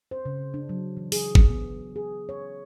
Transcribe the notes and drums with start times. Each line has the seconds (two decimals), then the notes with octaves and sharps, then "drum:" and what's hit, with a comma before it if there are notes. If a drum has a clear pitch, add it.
0.11 C5
0.25 C#3
0.54 D4
0.69 F#3
0.97 E3
1.12 G#4, drum: open hi-hat
1.35 drum: kick G1
1.50 B3
1.96 G#4
2.29 C#5